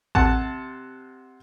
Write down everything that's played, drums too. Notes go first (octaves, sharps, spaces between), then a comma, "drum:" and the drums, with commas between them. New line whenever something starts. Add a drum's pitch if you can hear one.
C3 F#5 A5, drum: kick A1